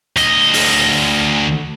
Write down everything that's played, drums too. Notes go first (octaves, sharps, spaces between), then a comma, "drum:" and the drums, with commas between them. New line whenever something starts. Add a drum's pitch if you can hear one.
D2 D#5, drum: hi-hat
drum: open hi-hat